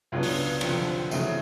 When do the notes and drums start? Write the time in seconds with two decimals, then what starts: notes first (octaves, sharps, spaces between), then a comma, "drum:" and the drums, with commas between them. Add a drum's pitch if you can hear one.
0.12 C#2 C#3 F#3 B3 D4
0.23 drum: open hi-hat
0.61 F1 F2 D3, drum: cymbal
1.11 E2 C#3 F#3 A3, drum: tambourine